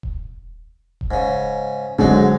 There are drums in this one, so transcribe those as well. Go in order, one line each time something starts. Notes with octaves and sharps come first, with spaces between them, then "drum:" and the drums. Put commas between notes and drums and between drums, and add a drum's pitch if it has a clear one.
drum: kick D#1
drum: kick D#1
G#2 C#3
G#2 D3 F#3 G#3 D#4, drum: kick D#1